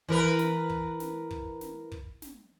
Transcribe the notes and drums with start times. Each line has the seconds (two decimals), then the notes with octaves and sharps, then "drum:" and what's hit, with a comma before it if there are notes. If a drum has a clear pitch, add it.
0.08 E3 A#4 B4, drum: kick
0.39 drum: snare
0.70 drum: kick
1.00 drum: snare
1.31 drum: kick
1.61 drum: snare
1.92 drum: kick
2.22 drum: snare